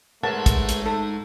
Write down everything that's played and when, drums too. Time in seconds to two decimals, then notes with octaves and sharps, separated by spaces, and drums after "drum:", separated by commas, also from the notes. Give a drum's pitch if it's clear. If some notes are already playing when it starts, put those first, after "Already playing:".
0.23 G#2 A3 G#4 A#4 B4 C#5 F#5 A5
0.46 drum: kick, hi-hat
0.69 drum: hi-hat
0.86 D#4 A4